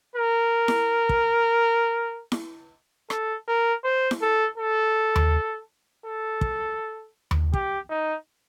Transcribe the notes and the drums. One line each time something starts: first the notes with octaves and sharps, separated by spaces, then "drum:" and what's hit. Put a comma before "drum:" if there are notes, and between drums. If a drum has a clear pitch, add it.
A#4
drum: snare E4
drum: kick
drum: snare E4
A4, drum: rim click
A#4
C5
drum: snare E4
A4
A4
drum: tom D#2
A4
drum: kick
drum: tom D#2
G4, drum: kick
D#4